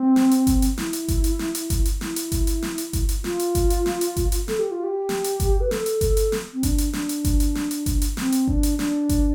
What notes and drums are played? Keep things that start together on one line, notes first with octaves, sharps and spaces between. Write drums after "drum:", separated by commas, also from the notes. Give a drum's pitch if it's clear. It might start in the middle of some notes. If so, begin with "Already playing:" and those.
Already playing: C4
drum: snare
drum: hi-hat
drum: kick G1, hi-hat
drum: hi-hat
E4, drum: snare
drum: hi-hat
drum: kick G1, hi-hat
drum: hi-hat
drum: snare
drum: hi-hat
drum: kick G1, hi-hat
drum: hi-hat
E4, drum: snare
drum: hi-hat
drum: kick G1, hi-hat
drum: hi-hat
drum: snare
drum: hi-hat
drum: kick G1, hi-hat
drum: hi-hat
F4, drum: snare
drum: hi-hat
drum: kick G1, hi-hat
drum: hi-hat
drum: snare
drum: hi-hat
drum: kick G1, hi-hat
drum: hi-hat
A4, drum: snare
G4
F4
G4
drum: snare
drum: hi-hat
drum: kick G1, hi-hat
B4
A4, drum: snare
drum: hi-hat
A4, drum: kick G1, hi-hat
drum: hi-hat
drum: snare
C4
D4, drum: kick G1, hi-hat
drum: hi-hat
D4, drum: snare
drum: hi-hat
drum: kick G1, hi-hat
drum: hi-hat
drum: snare
drum: hi-hat
drum: kick G1, hi-hat
drum: hi-hat
C4, drum: snare
drum: hi-hat
D4, drum: kick G1
drum: hi-hat
D4, drum: snare
drum: kick G1, hi-hat